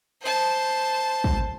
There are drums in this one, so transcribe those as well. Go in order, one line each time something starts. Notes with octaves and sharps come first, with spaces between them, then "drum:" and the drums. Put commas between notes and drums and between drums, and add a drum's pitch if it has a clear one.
C5 A5
drum: kick